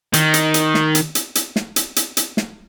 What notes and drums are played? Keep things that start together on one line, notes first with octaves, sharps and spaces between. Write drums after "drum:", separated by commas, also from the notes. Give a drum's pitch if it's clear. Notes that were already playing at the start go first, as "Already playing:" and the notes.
D#3, drum: hi-hat
drum: hi-hat
drum: hi-hat
drum: snare
drum: hi-hat
drum: hi-hat
drum: hi-hat
drum: snare
drum: hi-hat
drum: hi-hat
drum: hi-hat
drum: snare